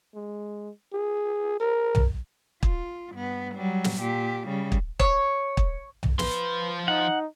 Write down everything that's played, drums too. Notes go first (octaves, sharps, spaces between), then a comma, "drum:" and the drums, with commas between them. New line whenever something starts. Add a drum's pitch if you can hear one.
G#3
G#4
A#4
drum: tom
F4, drum: kick
G2 B3
F#3 G3
drum: snare
A#2 G4
C#3 G3
drum: kick
C#5, drum: kick
drum: kick
drum: tom
F3 B4 C6, drum: snare
D#4 F#5